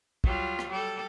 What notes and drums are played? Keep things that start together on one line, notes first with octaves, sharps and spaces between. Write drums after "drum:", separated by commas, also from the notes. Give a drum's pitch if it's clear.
F#3 G3 F4, drum: kick
drum: rim click
G3 A4